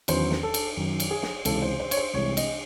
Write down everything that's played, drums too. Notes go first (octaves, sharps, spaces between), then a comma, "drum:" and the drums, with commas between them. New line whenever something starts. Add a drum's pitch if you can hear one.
E2 D#3 F#3 C#4 E4 C5, drum: cymbal
drum: snare
A4
drum: cymbal
F#2 D#3 F#3
drum: cymbal
G#4
drum: snare
C#2 C3 E3 G#3 D#4 A4, drum: cymbal
C5
C5
C#5, drum: cymbal
C5
C2 C3 E3 G#3 C#5
D#5, drum: cymbal